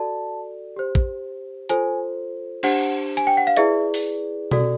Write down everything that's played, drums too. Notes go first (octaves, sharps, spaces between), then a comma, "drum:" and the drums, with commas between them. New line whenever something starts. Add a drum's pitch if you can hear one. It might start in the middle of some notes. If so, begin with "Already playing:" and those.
Already playing: F#4 A4 D5 A5
G4 C5
drum: kick
F4 A4 C5 G#5, drum: hi-hat
D4 G4 C5 F#5, drum: cymbal
G#5, drum: hi-hat
G5
F#5
F5
E4 G#4 B4 D5 E5, drum: hi-hat
drum: open hi-hat
F#4 A4 D5, drum: tom B2